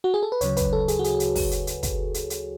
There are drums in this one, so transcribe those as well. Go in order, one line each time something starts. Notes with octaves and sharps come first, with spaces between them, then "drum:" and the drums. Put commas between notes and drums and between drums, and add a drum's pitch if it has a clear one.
F#4
G#4
A4
B4
D2 C#3 F#3 C#5, drum: hi-hat
B4, drum: kick, hi-hat
A4
G#4, drum: hi-hat
F#4
G#4, drum: hi-hat
drum: hi-hat
drum: kick, open hi-hat
drum: hi-hat
drum: hi-hat
drum: kick, hi-hat
drum: hi-hat
drum: hi-hat